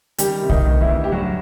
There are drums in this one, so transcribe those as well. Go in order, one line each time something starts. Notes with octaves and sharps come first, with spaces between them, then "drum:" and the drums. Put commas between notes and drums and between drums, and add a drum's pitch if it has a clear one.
D#3 G3 G4, drum: hi-hat
C3
D#3 D#4, drum: kick
D2
E3 E4
D2
G4
G2 F#3 F#4